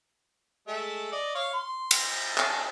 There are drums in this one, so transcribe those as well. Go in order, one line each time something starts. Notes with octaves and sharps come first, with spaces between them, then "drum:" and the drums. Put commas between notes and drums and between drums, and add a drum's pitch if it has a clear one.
G#3 A3 E5
D5 D#5
C#5 F5
C6
drum: cymbal
A4 G#5 A5, drum: clap